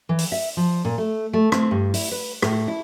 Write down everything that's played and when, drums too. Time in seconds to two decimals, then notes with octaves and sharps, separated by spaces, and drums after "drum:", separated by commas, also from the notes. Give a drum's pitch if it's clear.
0.09 E3
0.18 drum: open hi-hat
0.32 E5
0.57 F3
0.85 A#2
0.98 A3
1.33 A3
1.52 C4, drum: rim click
1.71 G2
1.94 E4, drum: open hi-hat
2.11 B4
2.42 A2, drum: rim click
2.68 E4